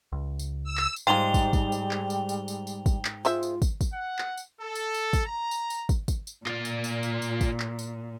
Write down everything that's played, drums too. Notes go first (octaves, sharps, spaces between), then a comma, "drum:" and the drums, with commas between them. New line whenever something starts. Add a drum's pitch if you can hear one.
C#2
drum: tambourine
E6
drum: clap
drum: tambourine
G#2 G3 G#3 F4 G5 F7 G7
drum: kick, tambourine
drum: kick, tambourine
drum: tambourine
drum: clap
drum: tambourine
drum: tambourine
drum: tambourine
drum: tambourine
drum: kick, tambourine
drum: clap
G#3 F4 C5 E5, drum: tambourine
drum: tambourine
drum: kick, tambourine
drum: kick, tambourine
F#5
drum: clap
drum: tambourine
A4
drum: tambourine
drum: tambourine
drum: kick, tambourine
A#5
drum: tambourine
drum: tambourine
drum: kick, tambourine
drum: kick, tambourine
drum: tambourine
A#2 F4 D5, drum: clap
drum: tambourine
drum: tambourine
drum: tambourine
drum: tambourine
drum: kick, tambourine
drum: clap
drum: tambourine